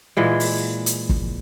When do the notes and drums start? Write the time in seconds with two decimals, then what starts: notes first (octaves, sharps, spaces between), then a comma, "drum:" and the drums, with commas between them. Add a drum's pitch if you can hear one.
0.17 A#2 E3 G#3
0.40 drum: open hi-hat
0.86 drum: hi-hat
1.09 drum: kick